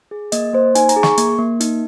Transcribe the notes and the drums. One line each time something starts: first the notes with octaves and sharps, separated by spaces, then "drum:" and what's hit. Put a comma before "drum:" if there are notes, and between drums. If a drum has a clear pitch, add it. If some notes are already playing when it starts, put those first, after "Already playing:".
G#4
A#3 D#5, drum: hi-hat
A#3 C5
D#4 G#5, drum: hi-hat
A#5, drum: hi-hat
G#4
C#6, drum: snare
A#3, drum: hi-hat
A#3
D#4, drum: hi-hat